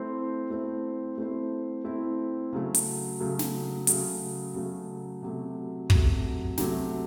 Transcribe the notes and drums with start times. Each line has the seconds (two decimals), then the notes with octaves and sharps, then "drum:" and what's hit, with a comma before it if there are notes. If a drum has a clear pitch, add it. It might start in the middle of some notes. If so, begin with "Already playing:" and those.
Already playing: A3 C4 E4 C5
0.50 A3 C4 E4 C5
1.18 A3 C4 E4 C5
1.84 A3 C4 E4 C5
2.53 C#3 F#3 A3
2.74 drum: hi-hat
3.20 C#3 F#3 A3
3.39 drum: snare
3.87 C#3 F#3 A3, drum: hi-hat
4.55 C#3 F#3 A3
5.22 C3 F#3 A3
5.90 C3 F#3 A3, drum: kick
6.58 C3 F#3 A3, drum: snare